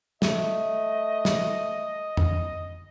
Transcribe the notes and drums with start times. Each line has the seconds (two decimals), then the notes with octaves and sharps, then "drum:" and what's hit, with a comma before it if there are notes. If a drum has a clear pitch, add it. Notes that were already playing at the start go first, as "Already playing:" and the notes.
0.22 A3 D#5, drum: snare
1.25 drum: snare
2.17 drum: tom F2